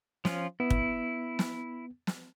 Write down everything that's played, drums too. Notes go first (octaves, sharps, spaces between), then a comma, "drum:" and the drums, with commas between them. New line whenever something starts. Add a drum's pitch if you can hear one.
F3 C#4 F4, drum: snare
B3 E4
drum: kick
drum: snare
drum: snare